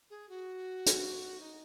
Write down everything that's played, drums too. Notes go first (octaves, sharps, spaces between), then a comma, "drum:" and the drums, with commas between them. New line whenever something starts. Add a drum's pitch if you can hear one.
G#4
F#4
drum: hi-hat
D#4